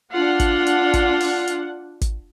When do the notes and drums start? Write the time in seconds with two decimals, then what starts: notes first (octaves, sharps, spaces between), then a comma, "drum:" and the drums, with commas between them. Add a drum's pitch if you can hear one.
0.13 D4 F4 F#5
0.40 drum: kick, hi-hat
0.66 drum: hi-hat
0.93 drum: kick, hi-hat
1.20 drum: open hi-hat
1.47 drum: hi-hat
2.01 drum: kick, hi-hat